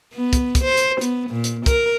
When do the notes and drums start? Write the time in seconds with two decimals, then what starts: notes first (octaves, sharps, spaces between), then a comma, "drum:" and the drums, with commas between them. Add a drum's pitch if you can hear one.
0.13 B3
0.33 drum: kick, hi-hat
0.55 drum: kick, hi-hat
0.64 C5
0.77 drum: hi-hat
1.01 B3, drum: hi-hat
1.30 A#2
1.44 drum: hi-hat
1.66 A#4, drum: kick, hi-hat